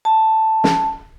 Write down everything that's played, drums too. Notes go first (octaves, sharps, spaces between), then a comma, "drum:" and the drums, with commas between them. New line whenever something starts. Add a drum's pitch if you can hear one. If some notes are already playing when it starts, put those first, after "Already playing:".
A5
drum: snare